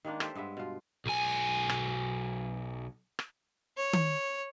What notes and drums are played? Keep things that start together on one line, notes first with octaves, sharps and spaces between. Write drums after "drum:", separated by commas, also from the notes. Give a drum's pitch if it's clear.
D#3 G#3 A#3 D4
G4 A4 C5 E5, drum: rim click
G2 G#3 B3 E5
B2 F4
B1 G#5
drum: rim click
drum: rim click
C#5
drum: tom D#3